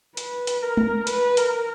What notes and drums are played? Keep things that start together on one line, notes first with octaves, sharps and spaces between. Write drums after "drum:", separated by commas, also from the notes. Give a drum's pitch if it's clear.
B4, drum: hi-hat
drum: hi-hat
A#4
drum: tom G#3
B4, drum: hi-hat
A#4, drum: hi-hat